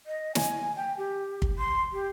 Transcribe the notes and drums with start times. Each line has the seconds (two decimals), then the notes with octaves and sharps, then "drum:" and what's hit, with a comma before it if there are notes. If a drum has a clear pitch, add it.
0.06 D#5
0.35 G#5, drum: snare
0.76 G5
0.98 G4
1.42 drum: kick
1.58 C6
1.93 G4